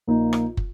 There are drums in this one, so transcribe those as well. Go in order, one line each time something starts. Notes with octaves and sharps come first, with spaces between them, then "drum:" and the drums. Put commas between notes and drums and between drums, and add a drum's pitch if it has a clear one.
A#1 A#2 A#3 D#4
drum: rim click
drum: kick